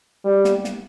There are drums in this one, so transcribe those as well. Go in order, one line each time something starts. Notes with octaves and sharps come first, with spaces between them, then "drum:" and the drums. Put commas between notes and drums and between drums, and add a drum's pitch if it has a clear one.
G3
drum: snare
drum: snare